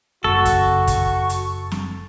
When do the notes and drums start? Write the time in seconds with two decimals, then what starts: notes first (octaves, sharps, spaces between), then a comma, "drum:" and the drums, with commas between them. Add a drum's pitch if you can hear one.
0.24 F#1 F#4 A4 C#6
0.45 drum: kick, hi-hat
0.87 drum: kick, hi-hat
1.29 drum: hi-hat
1.71 drum: snare